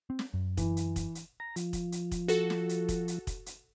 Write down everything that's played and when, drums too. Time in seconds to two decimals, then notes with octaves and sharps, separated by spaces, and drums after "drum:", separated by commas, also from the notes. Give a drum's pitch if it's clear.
0.10 C4
0.19 drum: snare
0.34 F#2
0.57 E3, drum: kick, hi-hat
0.77 drum: hi-hat
0.96 drum: kick, hi-hat
1.15 drum: hi-hat
1.40 A#5
1.56 F3, drum: hi-hat
1.73 drum: kick, hi-hat
1.92 drum: hi-hat
2.11 drum: kick, hi-hat
2.28 F#4 A4, drum: hi-hat
2.50 drum: snare
2.69 drum: hi-hat
2.89 drum: kick, hi-hat
3.08 drum: hi-hat
3.27 drum: kick, hi-hat
3.46 drum: hi-hat